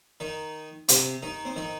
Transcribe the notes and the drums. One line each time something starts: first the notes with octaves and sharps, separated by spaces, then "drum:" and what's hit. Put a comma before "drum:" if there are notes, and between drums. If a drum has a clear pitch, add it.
D#3 D#4
C3 C4, drum: hi-hat
D#3 D#4
C4
D#3 D#4